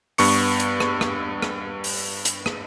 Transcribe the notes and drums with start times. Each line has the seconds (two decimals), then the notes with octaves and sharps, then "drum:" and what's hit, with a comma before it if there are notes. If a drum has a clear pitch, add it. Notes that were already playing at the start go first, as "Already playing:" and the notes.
0.18 G2 B3 C#6 C#7, drum: open hi-hat
0.60 drum: hi-hat
0.80 drum: rim click
1.01 drum: rim click
1.42 drum: rim click
1.84 drum: open hi-hat
2.25 drum: hi-hat
2.46 drum: rim click